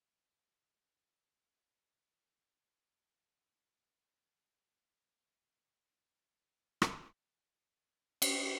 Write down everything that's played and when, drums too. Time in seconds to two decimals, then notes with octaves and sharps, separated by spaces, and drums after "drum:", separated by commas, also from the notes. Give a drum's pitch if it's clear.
0.08 A3 B5
0.35 E3 A5
0.53 A5
0.62 C#3 G#5
0.89 C#3
1.17 B3
1.44 G#3
1.71 D3
1.97 E4
2.25 C#4 A4
2.44 B4
2.52 A3
2.61 B4
2.79 D3 D5
3.07 D3 E5
3.34 C#4 D5
3.61 A3
3.88 E3 B4
4.14 E4
4.42 C#4
4.69 A3
4.96 F#3 E5
5.15 D5
5.24 E4
5.32 C#5
5.50 C#4 G#4
5.64 F#4
5.77 F#3 G#4
6.05 C#3
6.32 E4
6.82 drum: rim click
8.22 drum: cymbal